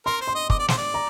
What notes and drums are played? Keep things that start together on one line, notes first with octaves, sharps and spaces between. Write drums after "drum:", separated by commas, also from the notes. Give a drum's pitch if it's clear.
A#4 C6
C5
C6
D#5
D#5 D6, drum: kick
D5
C5, drum: snare
D5
A#5